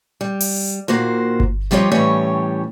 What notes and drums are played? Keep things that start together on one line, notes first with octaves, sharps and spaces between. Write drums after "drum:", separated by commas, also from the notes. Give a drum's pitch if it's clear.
G3
drum: open hi-hat
A#2 D#3 A#3 F#4 C5
drum: kick G1
F3 G3 F4 G4 C#5 D#5
A2 E3 G3 C#4 G4 C#5